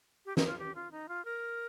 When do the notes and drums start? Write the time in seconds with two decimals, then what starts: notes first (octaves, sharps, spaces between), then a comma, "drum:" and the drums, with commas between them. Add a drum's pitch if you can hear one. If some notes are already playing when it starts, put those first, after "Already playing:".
0.26 G4
0.37 D#4, drum: snare
0.47 F4
0.59 G4
0.75 F4
0.92 D#4
1.09 F4
1.25 A#4